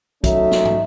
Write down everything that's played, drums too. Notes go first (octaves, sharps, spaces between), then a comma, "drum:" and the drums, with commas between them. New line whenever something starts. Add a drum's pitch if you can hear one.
F#3 A3 C#4 D#4 A4 E5, drum: kick B1, hi-hat
drum: snare
drum: tom